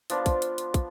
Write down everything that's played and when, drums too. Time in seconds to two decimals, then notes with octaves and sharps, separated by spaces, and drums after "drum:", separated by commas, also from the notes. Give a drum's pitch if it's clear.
0.10 F3 B3 D4 F4, drum: hi-hat
0.26 drum: kick, hi-hat
0.42 drum: hi-hat
0.58 drum: hi-hat
0.74 drum: kick, hi-hat